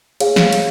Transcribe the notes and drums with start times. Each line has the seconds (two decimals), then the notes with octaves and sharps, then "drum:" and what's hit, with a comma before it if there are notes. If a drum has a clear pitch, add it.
0.20 G#4 C#5 F5, drum: cymbal
0.36 drum: snare
0.53 drum: cymbal